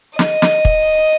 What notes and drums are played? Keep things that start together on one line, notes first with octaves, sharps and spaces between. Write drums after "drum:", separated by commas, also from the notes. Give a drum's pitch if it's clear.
D#5, drum: snare
drum: snare
drum: kick